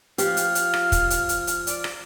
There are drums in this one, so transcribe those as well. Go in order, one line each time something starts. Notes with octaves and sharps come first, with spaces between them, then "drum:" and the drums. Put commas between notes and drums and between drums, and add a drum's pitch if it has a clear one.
F3 G4 F6, drum: hi-hat
drum: hi-hat
drum: hi-hat
drum: rim click
drum: kick, hi-hat
drum: hi-hat
drum: hi-hat
drum: hi-hat
D5, drum: hi-hat
drum: rim click